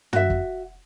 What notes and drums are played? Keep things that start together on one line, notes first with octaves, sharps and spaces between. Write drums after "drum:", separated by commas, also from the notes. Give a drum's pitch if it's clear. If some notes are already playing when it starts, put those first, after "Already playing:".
F#4 E5, drum: tom
drum: kick